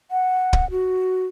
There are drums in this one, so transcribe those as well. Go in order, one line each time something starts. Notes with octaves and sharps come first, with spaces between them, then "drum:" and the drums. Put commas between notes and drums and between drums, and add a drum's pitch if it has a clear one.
F#5
drum: kick
F#4